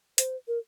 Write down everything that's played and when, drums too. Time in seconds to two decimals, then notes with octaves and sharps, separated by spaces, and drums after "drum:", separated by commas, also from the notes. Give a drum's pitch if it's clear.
0.18 C5, drum: hi-hat
0.48 A#4